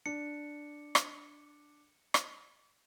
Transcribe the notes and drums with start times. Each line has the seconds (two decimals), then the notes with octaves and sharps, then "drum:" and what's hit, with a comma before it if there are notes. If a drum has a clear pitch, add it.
0.06 D4 C#7
0.95 drum: rim click
2.14 drum: rim click